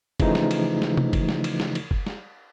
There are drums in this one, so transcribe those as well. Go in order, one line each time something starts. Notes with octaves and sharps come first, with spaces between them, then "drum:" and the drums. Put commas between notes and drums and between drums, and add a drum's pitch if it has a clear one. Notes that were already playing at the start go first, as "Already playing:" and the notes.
C#3 E3 F3 A3 D#4, drum: kick, cymbal
drum: snare
drum: cymbal
drum: snare
drum: tom C3
drum: kick, cymbal
drum: snare
drum: cymbal
drum: snare
drum: cymbal
drum: kick
drum: snare